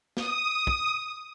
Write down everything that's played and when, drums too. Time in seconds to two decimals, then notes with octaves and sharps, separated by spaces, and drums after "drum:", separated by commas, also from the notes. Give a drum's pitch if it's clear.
0.17 D#6, drum: snare
0.67 drum: kick